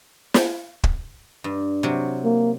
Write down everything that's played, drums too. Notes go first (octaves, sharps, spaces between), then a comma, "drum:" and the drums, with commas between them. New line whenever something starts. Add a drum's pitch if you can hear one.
drum: snare
drum: kick
G2
C3 F#3
A#3